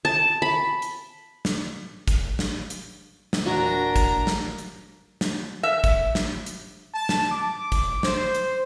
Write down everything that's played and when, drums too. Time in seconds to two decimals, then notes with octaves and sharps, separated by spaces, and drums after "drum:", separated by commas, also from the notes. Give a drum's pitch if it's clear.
0.05 A5
0.42 B5
0.82 drum: hi-hat
1.45 drum: snare
2.08 drum: kick, hi-hat
2.39 drum: snare
2.70 drum: hi-hat
3.33 drum: snare
3.46 E1 A#2 D4 F#4 G#5 A#5
3.96 drum: kick, hi-hat
4.27 drum: snare
4.58 drum: hi-hat
5.21 drum: snare
5.63 E5
5.84 drum: kick, hi-hat
6.15 drum: snare
6.46 drum: hi-hat
6.94 A5
7.09 drum: snare
7.32 D6
7.72 drum: kick, hi-hat
8.03 C5, drum: snare
8.35 drum: hi-hat